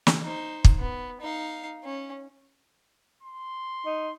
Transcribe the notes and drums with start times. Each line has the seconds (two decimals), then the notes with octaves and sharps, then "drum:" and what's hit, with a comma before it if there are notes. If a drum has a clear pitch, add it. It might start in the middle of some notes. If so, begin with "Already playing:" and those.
0.07 drum: snare
0.23 D#4 C5
0.65 drum: kick
0.78 B3
1.21 D#4 F5
1.84 C#4
3.22 C6
3.86 D#4